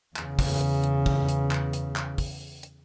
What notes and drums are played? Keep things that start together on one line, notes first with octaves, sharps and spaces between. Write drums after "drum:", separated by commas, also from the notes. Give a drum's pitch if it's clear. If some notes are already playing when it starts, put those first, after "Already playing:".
E2 C#3, drum: clap
drum: kick, open hi-hat
drum: hi-hat
drum: kick
drum: hi-hat
drum: clap
drum: hi-hat
drum: clap
drum: kick, open hi-hat
drum: hi-hat